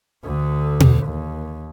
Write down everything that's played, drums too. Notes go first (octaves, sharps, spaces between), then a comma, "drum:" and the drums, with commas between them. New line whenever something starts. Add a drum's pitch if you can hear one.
D2 D3
drum: tom B2
D#2